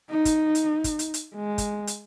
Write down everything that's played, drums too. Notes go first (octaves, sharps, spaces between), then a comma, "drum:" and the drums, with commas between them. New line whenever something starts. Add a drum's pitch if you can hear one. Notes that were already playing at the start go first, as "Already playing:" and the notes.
D#4
drum: kick, hi-hat
drum: hi-hat
drum: kick, hi-hat
drum: hi-hat
drum: hi-hat
G#3
drum: kick, hi-hat
drum: hi-hat